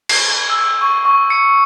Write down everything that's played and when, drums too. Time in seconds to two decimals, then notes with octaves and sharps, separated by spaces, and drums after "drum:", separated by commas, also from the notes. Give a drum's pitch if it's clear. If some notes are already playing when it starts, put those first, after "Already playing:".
0.09 C7, drum: cymbal
0.50 E6
0.81 C#6
1.05 C#6
1.30 C#7